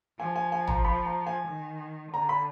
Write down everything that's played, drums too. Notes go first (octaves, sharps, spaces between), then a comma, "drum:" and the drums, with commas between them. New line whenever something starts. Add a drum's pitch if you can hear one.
F3 G#5
G#5
G#5
A#5, drum: tom
B5
A#5
G#5
D#3
D3 A#5
B5